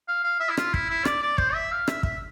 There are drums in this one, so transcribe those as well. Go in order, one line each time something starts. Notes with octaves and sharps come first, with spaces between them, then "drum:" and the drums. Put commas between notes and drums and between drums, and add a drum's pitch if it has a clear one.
F5
F5
E5
E4
F4, drum: rim click
E4, drum: kick
E4
D5, drum: rim click
D5
C5, drum: kick
E5
F5
E5, drum: rim click
E5, drum: kick